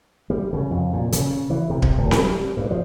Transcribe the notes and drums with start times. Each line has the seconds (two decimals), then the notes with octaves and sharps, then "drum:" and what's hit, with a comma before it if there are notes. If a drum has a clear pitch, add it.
0.30 G3
0.53 C#3
0.71 F2
0.93 A#2
1.12 C#3, drum: hi-hat
1.50 E3
1.70 C3
1.82 drum: kick D1
1.98 D1
2.11 G3, drum: snare C4
2.57 G2
2.71 F3